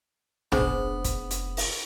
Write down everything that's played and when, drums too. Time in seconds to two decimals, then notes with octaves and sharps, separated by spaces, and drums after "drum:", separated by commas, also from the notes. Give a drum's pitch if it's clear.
0.52 F1 B3 D4 G#4 C5, drum: tom A#1
1.04 drum: kick, hi-hat
1.31 drum: hi-hat
1.57 drum: open hi-hat